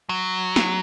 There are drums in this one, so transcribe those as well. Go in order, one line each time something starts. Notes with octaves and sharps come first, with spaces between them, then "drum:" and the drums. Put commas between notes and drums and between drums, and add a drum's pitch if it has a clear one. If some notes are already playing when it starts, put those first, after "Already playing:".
F#3
drum: snare